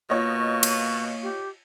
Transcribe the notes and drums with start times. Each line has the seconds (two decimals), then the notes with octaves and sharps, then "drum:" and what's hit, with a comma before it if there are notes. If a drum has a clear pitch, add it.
0.10 B2 A#3 F4 C#5 D#5 C#6
0.63 drum: cymbal
1.23 G4